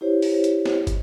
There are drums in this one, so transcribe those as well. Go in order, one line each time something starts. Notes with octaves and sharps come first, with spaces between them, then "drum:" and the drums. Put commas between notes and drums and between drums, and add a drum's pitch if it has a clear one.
E4 G4 C5 C#5
drum: open hi-hat
drum: hi-hat
drum: snare
drum: kick, hi-hat